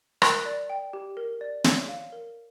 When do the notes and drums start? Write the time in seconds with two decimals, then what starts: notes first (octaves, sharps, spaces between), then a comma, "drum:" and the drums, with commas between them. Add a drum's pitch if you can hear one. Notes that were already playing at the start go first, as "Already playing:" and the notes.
0.22 A#4 F#6, drum: rim click
0.46 D5
0.70 G5
0.93 G4
1.17 A#4
1.41 D5
1.64 C#5, drum: snare
1.88 F5
2.12 A#4